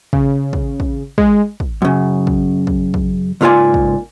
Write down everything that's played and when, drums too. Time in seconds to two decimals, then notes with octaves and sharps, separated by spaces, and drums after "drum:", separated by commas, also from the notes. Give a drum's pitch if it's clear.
0.13 C#3, drum: kick
0.53 drum: kick
0.80 drum: kick
1.18 G#3, drum: kick
1.60 drum: kick
1.82 F#2 C#3
2.27 drum: kick
2.67 drum: kick
2.94 drum: kick
3.41 C#2 G#2 A#3 F4 D5 G#5
3.74 drum: kick